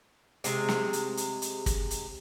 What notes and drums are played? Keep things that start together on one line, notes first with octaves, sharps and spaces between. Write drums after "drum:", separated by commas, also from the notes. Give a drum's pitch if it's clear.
C3 G#3, drum: hi-hat
drum: snare
drum: hi-hat
drum: hi-hat
drum: hi-hat
drum: kick, hi-hat
drum: hi-hat